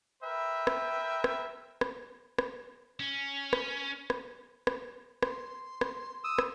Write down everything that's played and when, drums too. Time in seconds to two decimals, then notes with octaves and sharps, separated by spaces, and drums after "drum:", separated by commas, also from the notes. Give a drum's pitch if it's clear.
0.23 A#4 B4 E5 G5
0.67 drum: rim click
1.24 drum: rim click
1.81 drum: rim click
2.38 drum: rim click
3.00 C#4
3.53 drum: rim click
4.10 drum: rim click
4.67 drum: rim click
5.23 C6, drum: rim click
5.81 drum: rim click
6.24 D#6 E6
6.38 drum: rim click